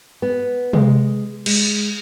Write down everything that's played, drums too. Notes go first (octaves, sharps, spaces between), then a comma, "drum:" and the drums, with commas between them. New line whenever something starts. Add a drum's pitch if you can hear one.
B3
G#3, drum: tom C3
G#3, drum: cymbal